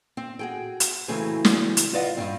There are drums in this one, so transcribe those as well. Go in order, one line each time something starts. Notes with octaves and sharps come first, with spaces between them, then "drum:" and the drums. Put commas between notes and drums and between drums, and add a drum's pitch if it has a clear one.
C4
F#4 G#4 G5
drum: hi-hat
C#3 E3 F#3 A3 C4 G#4
drum: snare
drum: hi-hat
F4 B4 D5 D#5 F5 F#5
G2 G#3 C4